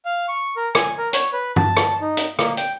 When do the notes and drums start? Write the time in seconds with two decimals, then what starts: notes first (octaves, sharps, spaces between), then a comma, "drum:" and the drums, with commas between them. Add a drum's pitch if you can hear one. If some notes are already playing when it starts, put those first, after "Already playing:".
0.05 F5
0.28 C#6
0.57 A#4
0.75 G#5, drum: rim click
0.98 A#4
1.13 C#5, drum: hi-hat
1.33 B4
1.56 A5, drum: tom G2
1.77 drum: rim click
2.01 D#4
2.17 drum: hi-hat
2.39 A#3, drum: rim click
2.57 G5, drum: hi-hat